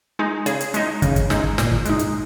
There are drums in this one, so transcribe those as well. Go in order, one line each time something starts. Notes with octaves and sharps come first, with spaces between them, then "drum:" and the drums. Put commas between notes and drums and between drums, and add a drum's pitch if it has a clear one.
G#3 D#4
C#3 G#4, drum: hi-hat
drum: hi-hat
G#3 D#4, drum: hi-hat
C#3, drum: kick, hi-hat
drum: kick, hi-hat
G#3 D#4, drum: snare
drum: kick
A#2, drum: snare
drum: kick
G#3 D#4, drum: hi-hat
drum: hi-hat